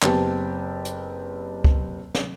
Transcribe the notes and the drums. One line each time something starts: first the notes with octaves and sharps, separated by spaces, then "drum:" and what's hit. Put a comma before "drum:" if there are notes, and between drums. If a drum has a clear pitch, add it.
F#1 B3 C4 G4 G5 A5, drum: clap
drum: hi-hat
drum: kick
drum: snare